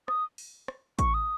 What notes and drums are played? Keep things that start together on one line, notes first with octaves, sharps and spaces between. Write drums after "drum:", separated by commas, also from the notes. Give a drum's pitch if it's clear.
D#6, drum: rim click
drum: open hi-hat
drum: rim click
C#6, drum: kick A1, hi-hat
D#6